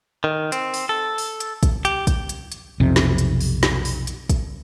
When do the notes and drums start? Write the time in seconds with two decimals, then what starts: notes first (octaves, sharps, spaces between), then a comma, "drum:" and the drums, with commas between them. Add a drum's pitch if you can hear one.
0.24 D#3
0.52 C4, drum: hi-hat
0.74 drum: open hi-hat
0.89 A4
1.18 drum: open hi-hat
1.40 drum: hi-hat
1.63 drum: kick, hi-hat
1.85 G4, drum: hi-hat
2.07 drum: kick, hi-hat
2.29 drum: hi-hat
2.52 drum: hi-hat
2.80 B1 F2 C3
2.96 drum: snare
3.18 drum: hi-hat
3.41 drum: open hi-hat
3.63 drum: snare
3.85 drum: open hi-hat
4.07 drum: hi-hat
4.29 drum: kick, hi-hat